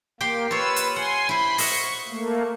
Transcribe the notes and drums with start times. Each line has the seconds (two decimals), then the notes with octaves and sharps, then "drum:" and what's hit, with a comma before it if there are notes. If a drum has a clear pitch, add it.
0.21 A#3 G4 G5 C6
0.51 F4 B4 C#5 E6
0.76 drum: hi-hat
0.96 F#5 G#5 C6
1.29 E4 C5 B5 C6
1.58 D#5 E5 F#5 C#6, drum: open hi-hat
2.09 A3 A#3